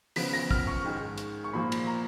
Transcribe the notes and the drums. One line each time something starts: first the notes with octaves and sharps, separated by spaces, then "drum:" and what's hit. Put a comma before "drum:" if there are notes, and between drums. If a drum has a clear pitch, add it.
C#3 F3 B3 B6, drum: open hi-hat
A#6
F6, drum: kick
C#6
G#2 D#3 G#3
drum: hi-hat
C#6
A#2 F3 A#3 B5
drum: cymbal
A#5